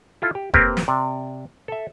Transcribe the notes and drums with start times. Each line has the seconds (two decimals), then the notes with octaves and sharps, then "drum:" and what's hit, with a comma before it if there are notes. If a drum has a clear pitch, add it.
0.22 E4 F4 A4
0.35 G4
0.54 A#3 C4 G4 A#4 B4, drum: kick F1
0.77 drum: snare
0.88 C3 D5
1.68 A4 E5